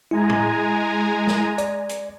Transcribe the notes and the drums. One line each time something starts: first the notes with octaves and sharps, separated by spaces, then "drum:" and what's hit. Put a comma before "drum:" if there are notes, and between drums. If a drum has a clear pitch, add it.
G#3 E4 G#5 A#5
drum: tom
drum: snare
D5, drum: hi-hat
drum: hi-hat